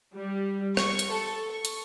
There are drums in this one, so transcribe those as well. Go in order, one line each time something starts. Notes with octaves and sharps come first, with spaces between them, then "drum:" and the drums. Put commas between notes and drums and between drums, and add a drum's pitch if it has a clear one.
G3
C#6, drum: rim click
drum: hi-hat
A4
C#6
drum: hi-hat